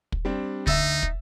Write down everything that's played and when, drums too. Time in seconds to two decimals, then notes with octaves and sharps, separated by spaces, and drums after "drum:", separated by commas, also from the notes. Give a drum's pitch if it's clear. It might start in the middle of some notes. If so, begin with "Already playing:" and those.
0.12 drum: kick
0.25 G3 C4 D4
0.67 D2 D3 D#4 E5 E6 A6, drum: kick
1.03 drum: kick